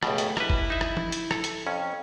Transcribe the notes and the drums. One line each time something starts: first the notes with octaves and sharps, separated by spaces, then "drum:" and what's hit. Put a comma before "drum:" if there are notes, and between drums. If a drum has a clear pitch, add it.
C#2 B2 A3 G4, drum: rim click
drum: hi-hat
G3 E4 B4, drum: rim click
drum: kick F#1
D#4 E5
drum: rim click
drum: tom
drum: hi-hat
A4, drum: rim click
drum: hi-hat
F2 C#4